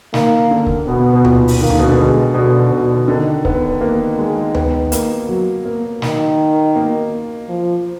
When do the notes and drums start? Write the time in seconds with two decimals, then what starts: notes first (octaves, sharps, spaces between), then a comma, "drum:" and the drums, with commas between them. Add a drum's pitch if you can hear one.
0.14 D#3 A#3, drum: snare
0.51 D3
0.67 drum: kick C#1
0.87 B2 B3
1.13 B2
1.25 A#2, drum: tom D2
1.48 drum: open hi-hat
1.60 D#3 A#3
1.70 D3, drum: tom D2
1.79 B2
1.88 D3
1.97 B2 G#3
2.34 B2 D3
2.71 B2
3.08 D3 D#3
3.45 B3, drum: kick C#1
3.81 A#3
4.19 G#3
4.54 B3, drum: tom D2
4.92 A#3, drum: hi-hat
5.29 F#3
5.65 A#3
6.02 D#3, drum: snare
6.76 A#3
7.49 F3